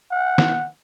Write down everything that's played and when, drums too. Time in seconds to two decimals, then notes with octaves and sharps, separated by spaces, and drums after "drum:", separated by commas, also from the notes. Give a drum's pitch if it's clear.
0.11 F#5
0.38 drum: snare